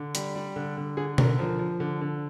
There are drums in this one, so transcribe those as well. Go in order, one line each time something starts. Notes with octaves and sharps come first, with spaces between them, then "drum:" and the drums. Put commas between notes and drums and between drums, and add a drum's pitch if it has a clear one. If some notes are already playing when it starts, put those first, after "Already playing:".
Already playing: D3
G3, drum: hi-hat
G3
D3
D3
D3 G#4
D3 A#4, drum: tom B2
F3 A#4
F3
D3
D3